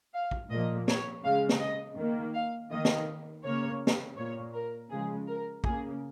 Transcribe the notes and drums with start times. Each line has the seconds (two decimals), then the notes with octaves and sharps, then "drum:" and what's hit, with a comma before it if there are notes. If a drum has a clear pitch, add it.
0.14 F5
0.31 drum: kick
0.50 A#2 F3 A#3 D#5
0.88 C#5, drum: snare
1.24 C#3 G#3 F5
1.49 drum: snare
1.60 D#5
1.97 D#3 A#3
2.34 F5
2.71 D#3 A#3 D#5
2.85 drum: snare
3.44 C#3 A#3 C#5
3.87 drum: snare
4.17 A#2 A#3 C#5
4.54 A#4
4.90 C#3 F3 G#3 G#4
5.27 A#4
5.64 C#3 A#3 G#4, drum: kick